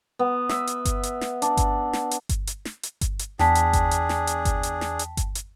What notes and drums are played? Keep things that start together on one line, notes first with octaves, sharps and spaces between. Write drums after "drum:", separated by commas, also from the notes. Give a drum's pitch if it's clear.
B3
E5, drum: snare
drum: hi-hat
drum: kick G1, hi-hat
drum: hi-hat
drum: snare
D4, drum: hi-hat
drum: kick G1, hi-hat
drum: snare
drum: hi-hat
drum: kick G1, hi-hat
drum: hi-hat
drum: snare
drum: hi-hat
drum: kick G1, hi-hat
drum: hi-hat
E2 D4 G#4 G5 A5 B6, drum: snare
drum: hi-hat
drum: kick G1, hi-hat
drum: hi-hat
drum: snare
drum: hi-hat
drum: kick G1, hi-hat
drum: hi-hat
drum: snare
drum: hi-hat
drum: kick G1, hi-hat
drum: hi-hat